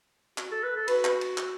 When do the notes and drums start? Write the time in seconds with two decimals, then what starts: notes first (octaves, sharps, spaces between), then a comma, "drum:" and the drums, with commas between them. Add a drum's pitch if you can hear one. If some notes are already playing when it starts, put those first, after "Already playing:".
0.38 F#4, drum: clap
0.51 A4
0.63 B4
0.76 A4
0.88 F#4 B4, drum: cymbal
1.05 drum: clap
1.21 drum: cymbal
1.38 drum: clap